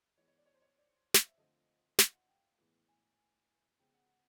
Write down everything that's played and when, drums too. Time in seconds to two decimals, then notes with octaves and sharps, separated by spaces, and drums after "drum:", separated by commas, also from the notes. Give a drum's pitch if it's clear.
0.17 E3 G#3 B3 C#5
0.28 C#5
0.38 D5
0.46 C#5
0.54 C5
0.62 C#5
0.78 D5
1.14 F5, drum: snare
1.26 E5
1.38 D3 F3 A3 C4 D#5
1.99 F5, drum: snare
2.13 F#5
2.29 G5
2.59 A2 E3 G#3 B3
2.88 G#5
3.79 C#3 F3 G#3 B3 G5
3.94 F#5
4.09 F#5